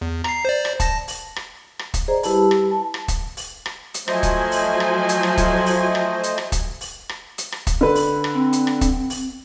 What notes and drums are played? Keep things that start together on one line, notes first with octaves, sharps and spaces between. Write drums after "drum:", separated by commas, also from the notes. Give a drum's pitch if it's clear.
E2
A#5 C7, drum: rim click
C5 D5
drum: rim click
A5 A#6, drum: kick, hi-hat
drum: open hi-hat
drum: rim click
drum: rim click
drum: kick, hi-hat
G#4 C5 D5 D#5 A#5
G3 E4 G4 B4 A5 B5, drum: open hi-hat
drum: rim click
A5
drum: rim click
drum: kick, hi-hat
drum: open hi-hat
drum: rim click
drum: hi-hat
F3 F#3 A3 C5 D#5 G#5, drum: rim click
drum: kick, hi-hat
drum: open hi-hat
drum: rim click
drum: hi-hat
drum: rim click
drum: kick, hi-hat
drum: open hi-hat
drum: rim click
drum: hi-hat
drum: rim click
drum: kick, hi-hat
drum: open hi-hat
drum: rim click
drum: hi-hat
drum: rim click
drum: kick, hi-hat
D3 B4
drum: open hi-hat
drum: rim click
C4
drum: hi-hat
drum: rim click
drum: kick, hi-hat
drum: open hi-hat